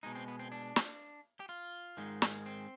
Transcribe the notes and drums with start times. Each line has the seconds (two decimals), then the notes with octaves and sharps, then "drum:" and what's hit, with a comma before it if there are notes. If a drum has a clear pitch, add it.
0.03 B2 G#3 D#4
0.15 C4
0.28 B3
0.39 C4
0.52 D4
0.76 drum: snare
1.40 G4
1.49 F4
1.97 G#2 D#3 G#3
2.22 drum: snare
2.46 C4